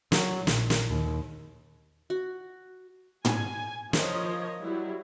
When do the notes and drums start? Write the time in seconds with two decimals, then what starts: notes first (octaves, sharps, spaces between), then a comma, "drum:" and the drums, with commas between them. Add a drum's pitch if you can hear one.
0.12 F#3, drum: snare
0.47 A#1, drum: snare
0.70 drum: snare
0.89 D#2
2.10 F#4
3.25 G#5, drum: tom
3.93 F3 A#4 C#5 D#5, drum: snare
4.61 F#3 G3 E4